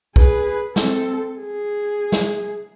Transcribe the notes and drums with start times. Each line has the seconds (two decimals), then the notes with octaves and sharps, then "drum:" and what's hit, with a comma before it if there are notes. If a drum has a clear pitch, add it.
0.16 G#4 B4, drum: kick B1
0.76 C4 A4, drum: snare
1.40 G#4
2.12 drum: snare